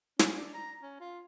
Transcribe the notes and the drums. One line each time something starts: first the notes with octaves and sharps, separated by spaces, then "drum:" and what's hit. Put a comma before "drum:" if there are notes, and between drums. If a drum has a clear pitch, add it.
C#4, drum: snare
D4
A#5
C#4
F4